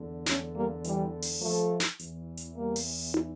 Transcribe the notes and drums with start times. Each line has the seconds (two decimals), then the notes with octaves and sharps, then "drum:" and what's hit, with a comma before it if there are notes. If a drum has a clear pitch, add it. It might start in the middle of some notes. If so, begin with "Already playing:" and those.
Already playing: E2 D3
0.26 A3 C#4, drum: snare
0.55 G3 A#3
0.84 E3 G3, drum: hi-hat
1.22 drum: open hi-hat
1.41 F3 A3
1.80 drum: snare
1.99 E2 E3, drum: hi-hat
2.37 drum: hi-hat
2.57 G3 A#3
2.76 drum: open hi-hat
3.14 drum: tom